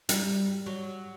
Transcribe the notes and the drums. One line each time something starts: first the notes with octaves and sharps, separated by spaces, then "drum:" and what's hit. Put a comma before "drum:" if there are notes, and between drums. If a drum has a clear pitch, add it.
G3, drum: hi-hat
F#3